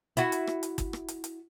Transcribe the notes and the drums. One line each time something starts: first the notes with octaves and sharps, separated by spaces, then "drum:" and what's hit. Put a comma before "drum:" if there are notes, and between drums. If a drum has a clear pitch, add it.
E4 F#4, drum: hi-hat
drum: hi-hat
drum: rim click
drum: hi-hat
drum: kick G1, hi-hat
drum: rim click
drum: hi-hat
drum: hi-hat